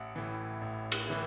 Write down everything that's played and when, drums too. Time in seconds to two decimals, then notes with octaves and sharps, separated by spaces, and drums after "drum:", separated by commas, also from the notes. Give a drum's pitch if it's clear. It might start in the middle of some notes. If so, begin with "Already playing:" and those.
Already playing: A1 E5 F#5
0.16 A2 E3
0.61 A1
0.92 drum: cymbal
1.07 A2 E3